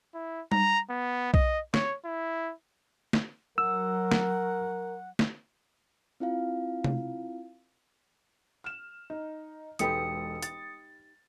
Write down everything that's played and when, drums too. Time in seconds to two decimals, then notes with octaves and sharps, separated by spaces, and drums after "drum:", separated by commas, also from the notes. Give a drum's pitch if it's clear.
0.14 E4
0.52 A#5, drum: tom G3
0.90 B3
1.34 D#5, drum: kick B1
1.74 C#5, drum: snare
2.05 E4
3.13 drum: snare
3.58 F#3 A#4 F#5 E6
4.11 drum: snare
5.19 drum: snare
6.20 C4 E4 F4 F5
6.84 drum: tom C3
8.64 F6 E7
9.10 D#4
9.79 E1 G#3 D#4 G4 A4 B4 D#6 C#7, drum: hi-hat
10.42 A6, drum: hi-hat